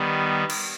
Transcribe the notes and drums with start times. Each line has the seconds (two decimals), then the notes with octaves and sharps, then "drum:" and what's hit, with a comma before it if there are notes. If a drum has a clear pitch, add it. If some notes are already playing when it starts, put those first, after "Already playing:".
Already playing: D#3 G3 B3
0.50 drum: cymbal